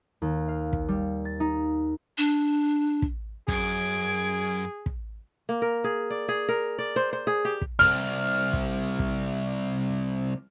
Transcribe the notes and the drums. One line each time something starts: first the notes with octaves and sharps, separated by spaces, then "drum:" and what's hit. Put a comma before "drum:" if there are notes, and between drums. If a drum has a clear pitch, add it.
D#2
F5
drum: kick
G3
A6
D#4
D4
drum: kick
F#2 G#4 G#6 D7, drum: kick
drum: kick
A#3
A#4
G#4
D5
G#4
A#4
D5
C5
C5
G#4
G4
drum: kick
C2 F6
drum: kick
drum: kick